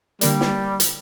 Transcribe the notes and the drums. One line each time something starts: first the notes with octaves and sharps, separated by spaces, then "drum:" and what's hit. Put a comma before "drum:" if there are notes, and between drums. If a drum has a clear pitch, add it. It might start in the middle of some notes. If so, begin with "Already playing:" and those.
D3 G3 A#3 D5, drum: hi-hat
drum: snare
drum: hi-hat